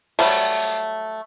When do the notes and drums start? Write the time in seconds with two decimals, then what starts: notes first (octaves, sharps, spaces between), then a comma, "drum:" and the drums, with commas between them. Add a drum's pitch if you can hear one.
0.19 F#3 G3 A3, drum: open hi-hat